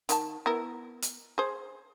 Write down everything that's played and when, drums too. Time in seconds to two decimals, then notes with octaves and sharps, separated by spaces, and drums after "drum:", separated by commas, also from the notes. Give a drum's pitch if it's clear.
0.09 D#3 F4 A5, drum: hi-hat
0.46 B3 E4 A#4
1.02 drum: hi-hat
1.38 G#4 C5